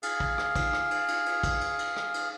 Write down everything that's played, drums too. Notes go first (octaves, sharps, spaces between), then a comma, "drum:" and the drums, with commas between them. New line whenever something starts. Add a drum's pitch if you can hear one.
G#4 F5, drum: cymbal
drum: kick
drum: rim click
drum: kick, cymbal
drum: rim click
drum: cymbal
drum: cymbal
drum: cymbal
drum: kick, cymbal
drum: cymbal
drum: cymbal
drum: rim click
drum: cymbal